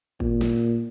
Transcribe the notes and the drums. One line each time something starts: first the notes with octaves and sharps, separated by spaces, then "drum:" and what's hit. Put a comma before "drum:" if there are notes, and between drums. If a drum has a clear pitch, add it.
A#2, drum: kick G#1
drum: snare